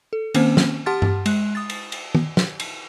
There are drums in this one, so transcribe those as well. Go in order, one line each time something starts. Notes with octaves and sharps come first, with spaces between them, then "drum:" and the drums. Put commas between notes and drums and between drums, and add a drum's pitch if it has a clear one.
A4
D#3 A#3 C4 C#4 C5, drum: cymbal
drum: snare
G4 F#5 A5 C6 F6 A6
drum: tom G2
G#3 F#6, drum: cymbal
D#6 A6
drum: cymbal
drum: cymbal
drum: tom D#3
drum: snare
drum: cymbal